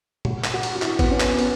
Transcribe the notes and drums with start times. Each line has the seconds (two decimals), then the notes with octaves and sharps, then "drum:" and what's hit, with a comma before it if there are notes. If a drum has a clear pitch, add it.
0.25 F#4, drum: tom A#2
0.44 drum: clap
0.54 F#4
0.63 drum: cymbal
0.75 F#4
0.82 E4, drum: clap
0.99 B3, drum: kick G#1, cymbal
1.11 C#4
1.20 drum: clap
1.39 B3, drum: cymbal